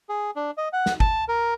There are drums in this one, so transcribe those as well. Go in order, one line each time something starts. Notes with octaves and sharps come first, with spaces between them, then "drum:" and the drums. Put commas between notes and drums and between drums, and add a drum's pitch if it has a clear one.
G#4
D4
D#5
F#5
drum: snare
A5, drum: kick
A#4